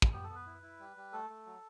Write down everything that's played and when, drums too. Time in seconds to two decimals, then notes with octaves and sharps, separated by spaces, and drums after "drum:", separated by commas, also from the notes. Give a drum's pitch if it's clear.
0.02 drum: kick
0.12 B3 G4
0.24 A4
0.29 B3
0.35 B4
0.47 E4
0.63 E4
0.80 G3
0.97 G3
1.13 A3 A4
1.30 A3
1.46 F#3